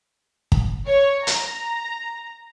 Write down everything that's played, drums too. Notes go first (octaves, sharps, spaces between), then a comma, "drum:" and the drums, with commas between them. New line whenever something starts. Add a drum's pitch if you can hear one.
drum: kick
C#5
A#5, drum: hi-hat